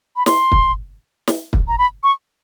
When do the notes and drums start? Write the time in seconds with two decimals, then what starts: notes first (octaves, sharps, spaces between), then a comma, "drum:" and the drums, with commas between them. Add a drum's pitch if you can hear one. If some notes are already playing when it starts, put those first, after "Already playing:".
0.17 B5
0.26 C6, drum: snare
0.52 drum: kick
1.27 drum: snare
1.53 drum: kick
1.68 A#5
1.78 B5
2.03 C#6